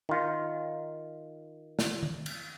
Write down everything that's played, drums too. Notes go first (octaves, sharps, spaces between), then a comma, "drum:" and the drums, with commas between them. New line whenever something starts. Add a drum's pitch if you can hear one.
D#3 F4
drum: snare
drum: tom D#3
drum: cymbal